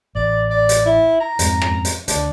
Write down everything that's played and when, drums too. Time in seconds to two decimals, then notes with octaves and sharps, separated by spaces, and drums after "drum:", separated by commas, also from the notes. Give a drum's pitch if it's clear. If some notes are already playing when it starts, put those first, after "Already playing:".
0.15 A1 D5
0.50 D5
0.69 drum: hi-hat
0.86 E4
1.20 A#5
1.39 F2 G#2, drum: hi-hat
1.62 drum: rim click
1.85 drum: hi-hat
2.08 D2 D4, drum: hi-hat